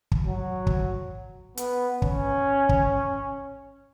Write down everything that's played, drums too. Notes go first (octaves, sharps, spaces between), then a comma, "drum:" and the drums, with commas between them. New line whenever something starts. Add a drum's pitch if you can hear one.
drum: kick
F#3
drum: kick
B3, drum: hi-hat
C#4, drum: kick
drum: kick